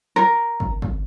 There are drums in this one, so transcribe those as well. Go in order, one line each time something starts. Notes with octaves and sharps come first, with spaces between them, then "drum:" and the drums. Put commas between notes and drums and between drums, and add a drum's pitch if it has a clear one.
A#4
drum: kick
drum: kick